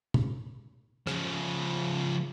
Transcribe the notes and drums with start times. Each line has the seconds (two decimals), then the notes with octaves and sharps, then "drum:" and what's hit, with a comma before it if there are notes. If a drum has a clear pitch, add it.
0.14 drum: tom
1.07 C#3 F3, drum: rim click